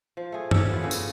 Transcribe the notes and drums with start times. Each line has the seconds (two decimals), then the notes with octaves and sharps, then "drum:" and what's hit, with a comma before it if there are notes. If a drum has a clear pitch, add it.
0.17 F3
0.32 A3 G#4
0.51 G4 A4 C#5 E5, drum: tom
0.70 B3 F4 C#5
0.82 G2 C#3 C#4 A4
0.91 drum: tambourine